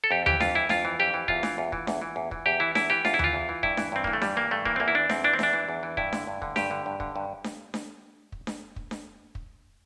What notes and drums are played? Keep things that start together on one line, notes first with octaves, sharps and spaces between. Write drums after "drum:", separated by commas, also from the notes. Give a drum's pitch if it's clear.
A4
F2 G4
E3 G4, drum: tom D#2
F2 F4, drum: snare D4
E3 E4
F2 F4, drum: snare D4
E3
F2 G4
E3
E2 F4, drum: kick
E3, drum: snare D4
E2
E3, drum: kick
E2, drum: snare D4
E3
E2
E3, drum: kick
E2 G4
E3 E4
E2 E4, drum: snare D4
E3 G4
E2 F4, drum: snare D4
E4
E3 F4, drum: tom D#2
E2
E3
G2 E4, drum: kick
E3, drum: snare D4
G2 C4
E3 A#3, drum: kick
A3
G2 G3, drum: snare D4
E3 A#3
G2 A3
E3 A#3, drum: kick
C4
E2 A#3
E4
E3 D4
E2 C4, drum: snare D4
E3 D4
C4
E2 D4, drum: snare D4
E3
E2
E3
G2 E4, drum: kick
D3, drum: snare D4
G2
D3, drum: kick
G2 G4, drum: snare D4
D3
G2
D3, drum: kick
G2
drum: snare D4
drum: snare D4
drum: kick
drum: snare D4
drum: kick
drum: snare D4
drum: kick